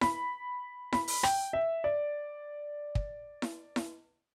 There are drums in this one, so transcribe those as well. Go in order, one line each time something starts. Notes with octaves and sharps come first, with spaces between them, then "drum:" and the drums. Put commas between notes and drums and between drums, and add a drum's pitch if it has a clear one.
B5, drum: snare E4
B5, drum: snare E4
drum: open hi-hat
G5, drum: rim click
E5
D5
drum: kick
drum: snare E4
drum: snare E4